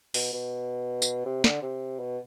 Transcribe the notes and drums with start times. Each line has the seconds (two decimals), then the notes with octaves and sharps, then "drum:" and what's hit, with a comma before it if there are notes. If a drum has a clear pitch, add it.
0.14 B2, drum: open hi-hat
0.33 B2
1.02 drum: tambourine
1.26 C3
1.44 D3, drum: snare
1.62 C3
1.99 B2